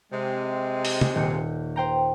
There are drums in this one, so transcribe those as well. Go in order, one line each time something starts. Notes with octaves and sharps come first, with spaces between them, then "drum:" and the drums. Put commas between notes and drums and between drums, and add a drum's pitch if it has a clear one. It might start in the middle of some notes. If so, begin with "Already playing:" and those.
C3 G#3
drum: open hi-hat
drum: tom
D#1 G6 C#7
C5 G5 A#5